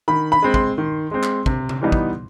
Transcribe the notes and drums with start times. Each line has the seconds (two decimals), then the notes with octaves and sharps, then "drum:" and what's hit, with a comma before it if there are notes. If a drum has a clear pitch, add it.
0.08 D#3 B5
0.32 B5
0.42 G#3 C4
0.54 C6, drum: kick
0.78 D#3
1.11 G#3 C4
1.23 drum: clap
1.46 C3, drum: kick
1.69 drum: tom C3
1.81 E3 G3 B3 D#4
1.92 drum: kick